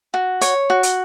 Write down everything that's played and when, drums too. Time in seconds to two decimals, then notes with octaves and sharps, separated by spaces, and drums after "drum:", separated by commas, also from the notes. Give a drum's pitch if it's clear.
0.14 F#4
0.41 C#5, drum: hi-hat
0.70 F#4
0.83 drum: hi-hat